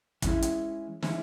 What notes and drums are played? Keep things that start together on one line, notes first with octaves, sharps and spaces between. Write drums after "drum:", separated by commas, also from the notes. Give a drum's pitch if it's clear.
E3 G#3 C#4 E4, drum: kick, hi-hat
drum: hi-hat
E3 G#3 C#4 E4, drum: snare